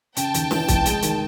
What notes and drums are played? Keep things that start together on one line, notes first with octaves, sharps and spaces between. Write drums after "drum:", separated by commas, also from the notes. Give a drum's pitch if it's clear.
C#3 G5 A5, drum: hi-hat
D#2, drum: hi-hat
E3, drum: snare
F1, drum: kick, hi-hat
G#3, drum: hi-hat
D#3, drum: hi-hat